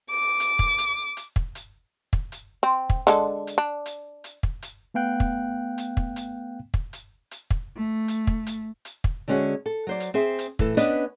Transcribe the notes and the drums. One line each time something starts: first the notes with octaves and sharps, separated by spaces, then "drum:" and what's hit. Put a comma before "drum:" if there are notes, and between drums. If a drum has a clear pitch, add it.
D6
drum: hi-hat
drum: kick
drum: hi-hat
drum: hi-hat
drum: kick
drum: hi-hat
drum: kick
drum: hi-hat
C4
drum: kick
D3 G#3 A4, drum: hi-hat
drum: hi-hat
D4
drum: hi-hat
drum: hi-hat
drum: kick
drum: hi-hat
A3 B3 F5 G5 F#6
drum: kick
drum: hi-hat
drum: kick
drum: hi-hat
drum: kick
drum: hi-hat
drum: hi-hat
drum: kick
A3
drum: hi-hat
drum: kick
drum: hi-hat
drum: hi-hat
drum: kick
D3 G#3 C#4 F#4 G#4
A4
F#3 C5 D5
drum: hi-hat
C4 G#4 C5 E5
drum: hi-hat
A2 E3 A4, drum: kick
B3 C#4 D4 B4 D5 D#5, drum: hi-hat